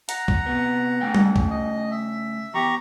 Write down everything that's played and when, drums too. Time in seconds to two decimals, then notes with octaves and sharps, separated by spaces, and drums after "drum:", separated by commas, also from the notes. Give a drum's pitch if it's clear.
0.09 F#5 A#5, drum: hi-hat
0.28 drum: kick
0.46 C3 B3
1.01 C#3 A3 G5
1.15 drum: tom G3
1.36 drum: kick
1.50 D#5
1.91 E5
2.54 E2 G4 A#5 C#6